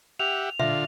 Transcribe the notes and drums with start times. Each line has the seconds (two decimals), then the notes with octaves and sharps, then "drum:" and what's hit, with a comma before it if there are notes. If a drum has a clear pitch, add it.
0.20 G4 E5 F#5 F7
0.60 D3 F4 E5, drum: tom A#2